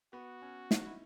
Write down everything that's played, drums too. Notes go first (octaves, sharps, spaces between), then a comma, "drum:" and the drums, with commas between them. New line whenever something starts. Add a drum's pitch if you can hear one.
B3 F#4
C#4
D#4, drum: snare
E4